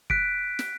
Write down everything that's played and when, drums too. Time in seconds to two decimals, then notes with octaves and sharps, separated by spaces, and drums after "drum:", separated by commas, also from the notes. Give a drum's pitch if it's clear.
0.10 F#6 B6 D7, drum: kick
0.59 drum: snare